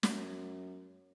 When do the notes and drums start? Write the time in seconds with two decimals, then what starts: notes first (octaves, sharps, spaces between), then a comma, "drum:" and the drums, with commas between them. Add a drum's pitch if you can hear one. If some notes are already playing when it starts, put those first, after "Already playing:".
0.03 F#2, drum: snare